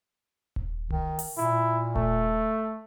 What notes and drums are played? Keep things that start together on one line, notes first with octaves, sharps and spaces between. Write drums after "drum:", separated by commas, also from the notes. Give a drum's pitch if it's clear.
drum: kick D#1
D#3, drum: tom C2
drum: open hi-hat
A#2 E4
A3, drum: kick D#1